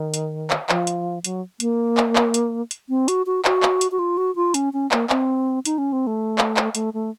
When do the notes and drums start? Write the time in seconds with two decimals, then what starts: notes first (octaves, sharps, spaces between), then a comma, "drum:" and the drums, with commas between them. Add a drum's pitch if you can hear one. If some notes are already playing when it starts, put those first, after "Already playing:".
Already playing: D#3
0.14 drum: hi-hat
0.50 drum: clap
0.69 F3, drum: clap
0.87 drum: hi-hat
1.24 F#3, drum: hi-hat
1.60 A#3, drum: hi-hat
1.97 drum: clap
2.16 drum: clap
2.34 drum: hi-hat
2.71 drum: hi-hat
2.89 C4
3.08 F#4, drum: hi-hat
3.26 F#4
3.45 F#4, drum: clap
3.63 drum: clap
3.81 drum: hi-hat
3.91 F#4
3.99 F4
4.17 F#4
4.36 F4
4.54 C#4, drum: hi-hat
4.73 C#4
4.92 A#3, drum: clap
5.10 C4, drum: clap
5.65 D#4, drum: hi-hat
5.78 C#4
5.92 C4
6.07 A3
6.38 drum: clap
6.57 drum: clap
6.75 A3, drum: hi-hat
6.94 A3